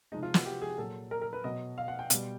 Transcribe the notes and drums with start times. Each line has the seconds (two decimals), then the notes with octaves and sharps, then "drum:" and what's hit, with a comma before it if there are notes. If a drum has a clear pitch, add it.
0.12 C3 F3 G#3 D#4
0.23 F4
0.34 F#4, drum: snare
0.45 G4
0.62 G#4
0.78 A#2 F#3 A4
1.11 A#4
1.22 A#4
1.33 B4
1.44 B2 F#3 D#5
1.78 F5
1.88 F#5
1.99 G5
2.10 B2 G3, drum: hi-hat